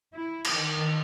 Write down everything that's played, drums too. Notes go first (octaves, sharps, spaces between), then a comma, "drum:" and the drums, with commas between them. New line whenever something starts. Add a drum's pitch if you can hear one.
E4
drum: cymbal
D#3